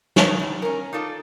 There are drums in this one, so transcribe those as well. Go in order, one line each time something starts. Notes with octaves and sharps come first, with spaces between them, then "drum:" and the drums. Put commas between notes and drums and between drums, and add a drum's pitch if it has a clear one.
D#3 F#3 A3, drum: snare
E2 D#3
C#4 A#4
D#4 F4 A4 D5